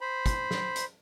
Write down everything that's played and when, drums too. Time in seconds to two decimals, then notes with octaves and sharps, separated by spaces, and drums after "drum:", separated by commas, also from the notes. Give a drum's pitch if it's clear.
0.01 C5 B5
0.26 drum: kick, hi-hat
0.51 drum: snare
0.76 drum: hi-hat